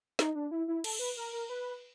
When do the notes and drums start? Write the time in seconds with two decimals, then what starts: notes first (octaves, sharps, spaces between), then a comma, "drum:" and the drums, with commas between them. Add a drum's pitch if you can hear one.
0.19 D#4, drum: snare
0.35 D4
0.51 E4
0.68 E4
0.84 A4, drum: cymbal
0.99 B4
1.17 A#4
1.33 A#4
1.49 B4